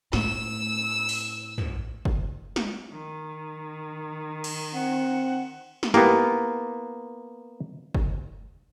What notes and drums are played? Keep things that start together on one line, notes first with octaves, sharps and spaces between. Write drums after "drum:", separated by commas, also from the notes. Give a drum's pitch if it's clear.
A2 E6, drum: snare
drum: open hi-hat
drum: tom
drum: kick
drum: snare
D#3
drum: cymbal
C4 F#5
drum: snare
A#3 B3 D#4 E4 G4, drum: snare
drum: kick